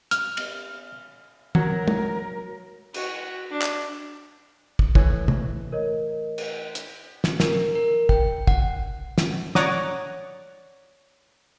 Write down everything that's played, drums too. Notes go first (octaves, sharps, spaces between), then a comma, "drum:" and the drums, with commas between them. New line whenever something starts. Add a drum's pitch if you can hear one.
F6, drum: hi-hat
drum: cymbal
F#3 A#4, drum: tom
drum: tom
F#4, drum: cymbal
D4
drum: clap
drum: kick
A2 E3, drum: kick
drum: tom
A#4 C#5 D#5
drum: cymbal
drum: hi-hat
drum: snare
A#4, drum: snare
A#4
G5, drum: kick
F#5, drum: kick
drum: snare
C#5 D5 F#5 A#5 D6 D#6, drum: snare